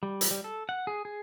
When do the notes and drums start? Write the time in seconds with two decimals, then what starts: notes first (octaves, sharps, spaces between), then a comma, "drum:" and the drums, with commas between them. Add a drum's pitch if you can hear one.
0.03 G3
0.21 drum: hi-hat
0.31 G3
0.44 A4
0.69 F#5
0.87 G#4
1.05 G#4